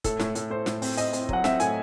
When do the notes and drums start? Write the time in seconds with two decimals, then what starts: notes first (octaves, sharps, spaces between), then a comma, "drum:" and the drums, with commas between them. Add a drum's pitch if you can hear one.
0.04 A2 A4, drum: kick, hi-hat
0.20 A2, drum: snare
0.35 A2, drum: hi-hat
0.51 A2 C5
0.66 A2, drum: snare
0.82 C4, drum: open hi-hat
0.97 C4 D#5, drum: hi-hat
1.13 C4, drum: hi-hat
1.29 F#3 F#5, drum: kick
1.44 C4 E5, drum: snare
1.60 A2 G#5, drum: hi-hat